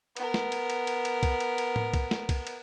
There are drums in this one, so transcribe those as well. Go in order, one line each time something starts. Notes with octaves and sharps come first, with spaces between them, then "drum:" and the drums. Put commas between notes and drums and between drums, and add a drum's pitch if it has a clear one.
B3 A#4, drum: cymbal
drum: snare
drum: cymbal
drum: cymbal
drum: cymbal
drum: cymbal
drum: kick C2, cymbal
drum: cymbal
drum: cymbal
drum: tom A2
drum: kick C2, cymbal
drum: snare
drum: kick C2, cymbal
drum: cymbal